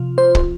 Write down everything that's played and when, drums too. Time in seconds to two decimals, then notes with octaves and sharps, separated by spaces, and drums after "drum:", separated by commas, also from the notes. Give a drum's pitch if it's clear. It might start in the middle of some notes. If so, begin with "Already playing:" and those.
Already playing: C3 F3 F4
0.18 C5
0.35 drum: kick